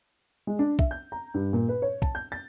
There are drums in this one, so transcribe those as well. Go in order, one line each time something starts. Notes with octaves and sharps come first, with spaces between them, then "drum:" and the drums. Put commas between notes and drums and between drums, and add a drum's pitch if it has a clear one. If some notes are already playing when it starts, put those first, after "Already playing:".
G#3
D4
E5, drum: kick
G6
A#5
G2
A#2
B4
C#5
A5, drum: kick
G6
A6